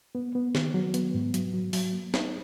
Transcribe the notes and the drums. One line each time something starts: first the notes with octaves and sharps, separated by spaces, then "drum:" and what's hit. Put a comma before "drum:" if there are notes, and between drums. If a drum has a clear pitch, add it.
B3
B3
D#3, drum: snare
F#3
B3, drum: hi-hat
G#2
F#3, drum: hi-hat
F#3
F#3, drum: open hi-hat
A#3
D#4, drum: snare